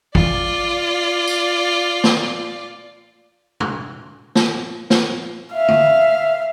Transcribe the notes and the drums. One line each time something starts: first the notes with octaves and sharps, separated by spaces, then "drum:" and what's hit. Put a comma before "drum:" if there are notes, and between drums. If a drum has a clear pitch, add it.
F4 D5, drum: kick
drum: tambourine
drum: snare
drum: tom C3
drum: snare
drum: snare
E5 F5
drum: tom D3